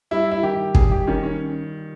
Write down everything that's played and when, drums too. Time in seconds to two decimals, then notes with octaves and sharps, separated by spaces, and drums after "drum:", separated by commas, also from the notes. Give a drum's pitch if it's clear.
0.11 G3 E4
0.31 E4
0.42 D#3 G4
0.75 G3 G#4, drum: kick
0.91 G4
1.07 D#3 C#4
1.23 C#4